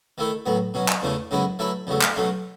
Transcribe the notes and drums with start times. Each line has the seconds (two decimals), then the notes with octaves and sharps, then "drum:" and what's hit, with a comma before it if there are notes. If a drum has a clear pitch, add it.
0.18 D#3 A3 E4 A4
0.46 A2 F#3 B3
0.74 B2 F#3 C#4
0.88 drum: clap
1.02 E2 C#3 E3 A3
1.31 F#2 C#3 G#3 B3 E4
1.59 F#3 A3 E4 B4
1.87 E2 C#3 F#3 A3
2.01 drum: clap
2.16 B2 F#3 A3 C#4